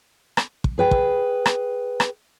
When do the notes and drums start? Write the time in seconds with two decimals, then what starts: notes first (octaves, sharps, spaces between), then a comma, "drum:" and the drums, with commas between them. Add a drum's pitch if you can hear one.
0.37 drum: rim click
0.64 drum: kick
0.78 G#4 B4 G5
0.91 drum: kick
1.46 drum: rim click
2.00 drum: rim click